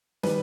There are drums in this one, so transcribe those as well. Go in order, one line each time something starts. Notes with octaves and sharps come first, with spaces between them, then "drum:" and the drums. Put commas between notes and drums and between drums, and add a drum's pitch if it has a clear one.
D#3 G3 B4, drum: snare